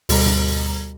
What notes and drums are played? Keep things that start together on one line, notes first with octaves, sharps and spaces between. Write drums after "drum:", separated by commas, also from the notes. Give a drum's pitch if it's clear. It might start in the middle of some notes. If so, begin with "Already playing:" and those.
D2 B2 G3 A#5, drum: open hi-hat
drum: tom G2